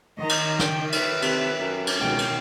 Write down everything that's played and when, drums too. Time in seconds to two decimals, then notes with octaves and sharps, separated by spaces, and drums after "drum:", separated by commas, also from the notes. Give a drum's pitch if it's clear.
0.19 D#3 D#5 A#5
0.29 drum: cymbal
0.59 G5, drum: snare
0.92 B4 E5, drum: cymbal
1.22 C3, drum: cymbal
1.59 F#2
1.87 drum: cymbal
2.00 C#2 B2 D#3 G5
2.19 drum: cymbal